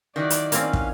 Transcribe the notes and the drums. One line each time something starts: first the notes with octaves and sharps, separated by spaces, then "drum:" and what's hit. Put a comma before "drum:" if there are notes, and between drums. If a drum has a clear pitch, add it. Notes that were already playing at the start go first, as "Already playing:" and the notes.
D#3 E3 F#3 D5
drum: hi-hat
A#3 C4 C#4 F5, drum: hi-hat
drum: kick